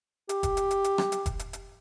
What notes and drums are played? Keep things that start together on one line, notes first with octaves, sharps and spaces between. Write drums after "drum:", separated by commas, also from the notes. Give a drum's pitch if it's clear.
G4, drum: hi-hat
drum: kick F1, hi-hat
drum: hi-hat
drum: hi-hat
drum: hi-hat
drum: rim click
drum: hi-hat
drum: kick F1, hi-hat
drum: hi-hat
drum: hi-hat